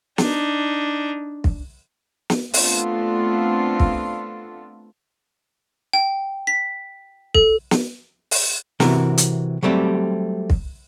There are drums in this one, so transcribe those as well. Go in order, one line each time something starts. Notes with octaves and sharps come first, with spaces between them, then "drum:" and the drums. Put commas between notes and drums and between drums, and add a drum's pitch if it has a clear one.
D4 D#4, drum: snare
drum: kick
drum: snare
A3 B3 C4 D4 F4 A4, drum: open hi-hat
drum: kick
G5
B6
A4, drum: kick
drum: snare
drum: open hi-hat
C3 E3 C4 F#4 A#4, drum: snare
drum: hi-hat
F#3 G3 A3 C4 G4
drum: kick